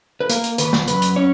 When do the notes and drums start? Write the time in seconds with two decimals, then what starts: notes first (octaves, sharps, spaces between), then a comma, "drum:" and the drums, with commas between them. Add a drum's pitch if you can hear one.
0.20 B4
0.30 A#3 A#4, drum: hi-hat
0.44 drum: hi-hat
0.58 D#3 B4, drum: hi-hat
0.73 drum: snare
0.88 F#2 B4, drum: hi-hat
1.02 drum: hi-hat
1.16 C#4 C#5